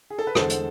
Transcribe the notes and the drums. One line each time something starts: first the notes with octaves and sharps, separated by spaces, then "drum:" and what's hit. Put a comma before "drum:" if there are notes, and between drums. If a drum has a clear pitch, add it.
G#4
A4
B4
E2 D3 G#3 A4 C5, drum: rim click
drum: hi-hat